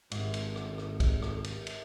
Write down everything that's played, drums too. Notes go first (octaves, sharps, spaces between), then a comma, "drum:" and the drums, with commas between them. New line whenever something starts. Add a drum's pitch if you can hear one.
G#1 G#2, drum: cymbal
drum: cymbal
drum: rim click
drum: rim click
drum: kick, cymbal
drum: rim click
drum: cymbal
drum: cymbal